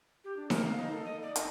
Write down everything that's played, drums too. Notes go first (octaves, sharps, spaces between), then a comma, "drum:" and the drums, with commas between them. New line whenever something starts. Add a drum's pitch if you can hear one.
G4
D4
A#4, drum: snare D#4
F5
D#4
A4
D#5
D5
D#4, drum: hi-hat